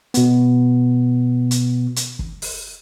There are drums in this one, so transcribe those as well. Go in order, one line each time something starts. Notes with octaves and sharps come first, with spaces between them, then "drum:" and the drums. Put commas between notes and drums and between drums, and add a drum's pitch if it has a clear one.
B2 B3, drum: hi-hat
drum: hi-hat
drum: hi-hat
drum: kick
drum: open hi-hat